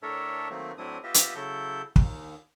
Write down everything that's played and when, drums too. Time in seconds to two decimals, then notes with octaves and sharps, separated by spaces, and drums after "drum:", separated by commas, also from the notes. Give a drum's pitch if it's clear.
0.02 A2 D4 A4 A#4 C#5 E5
0.50 D#3 F#3 A3 A#3 C4
0.78 A2 F#3 C4 D4 E4 D#6
1.03 B3 F4 G4 D#5 E5
1.14 drum: hi-hat
1.35 C#3 F#3 E4 A4 G6
1.96 D#2 D#3, drum: kick